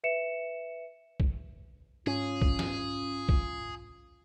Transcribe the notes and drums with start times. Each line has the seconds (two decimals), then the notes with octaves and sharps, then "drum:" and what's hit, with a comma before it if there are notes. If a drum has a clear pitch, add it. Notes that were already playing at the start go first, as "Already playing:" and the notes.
0.04 B4 E5 C#7 E7
1.20 drum: kick
2.07 G#2 C#4 F4 G#4
2.42 drum: kick
2.59 drum: snare
3.29 drum: kick